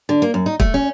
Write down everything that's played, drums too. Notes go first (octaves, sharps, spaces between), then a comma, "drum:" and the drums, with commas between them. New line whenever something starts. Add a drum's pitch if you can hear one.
D3
A#3
F#2
D#4
A3, drum: kick
C#4